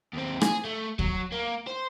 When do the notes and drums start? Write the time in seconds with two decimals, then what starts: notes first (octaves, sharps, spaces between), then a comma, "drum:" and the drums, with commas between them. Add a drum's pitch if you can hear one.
0.14 D#2 C4
0.41 G#4, drum: rim click
0.65 A3
0.99 F#3, drum: kick
1.32 A#3
1.67 C5